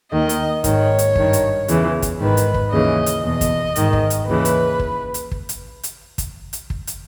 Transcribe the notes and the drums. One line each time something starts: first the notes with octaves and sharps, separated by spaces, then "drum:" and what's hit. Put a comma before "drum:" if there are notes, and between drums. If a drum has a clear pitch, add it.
D#2 D#3 D#5
drum: hi-hat
G#2 D#3 C#5, drum: kick, hi-hat
drum: hi-hat
G2 D#3, drum: kick
drum: hi-hat
E2 C#3 E3, drum: hi-hat
drum: kick, hi-hat
G#2 D#3 B4
drum: hi-hat
drum: kick
D#2 C#3 E3 D#5
drum: hi-hat
E2 B2 D#5
drum: kick, hi-hat
G#2 D#3, drum: hi-hat
drum: kick
drum: hi-hat
D#2 C#3 E3 B4
drum: hi-hat
drum: kick
drum: hi-hat
drum: kick
drum: hi-hat
drum: hi-hat
drum: kick, hi-hat
drum: hi-hat
drum: kick
drum: hi-hat